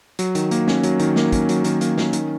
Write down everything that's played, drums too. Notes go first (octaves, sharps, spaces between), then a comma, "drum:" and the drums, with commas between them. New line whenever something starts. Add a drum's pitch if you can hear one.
F#3, drum: hi-hat
D#3, drum: hi-hat
A#3, drum: hi-hat
C#4, drum: snare
F#3, drum: hi-hat
D#3, drum: hi-hat
A#3, drum: snare
C#4, drum: kick, hi-hat
F#3, drum: hi-hat
D#3, drum: hi-hat
A#3, drum: hi-hat
C#4, drum: snare
D#3, drum: hi-hat